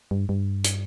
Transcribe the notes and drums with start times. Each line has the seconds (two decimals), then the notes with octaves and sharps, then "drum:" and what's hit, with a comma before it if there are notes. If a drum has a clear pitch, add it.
0.11 G2
0.29 G2
0.64 drum: hi-hat